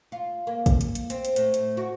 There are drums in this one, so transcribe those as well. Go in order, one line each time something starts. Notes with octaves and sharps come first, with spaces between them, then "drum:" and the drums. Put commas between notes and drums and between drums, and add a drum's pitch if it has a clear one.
F4
A#3
drum: kick, hi-hat
drum: hi-hat
drum: hi-hat
C4, drum: hi-hat
drum: hi-hat
A2, drum: hi-hat
drum: hi-hat
F#4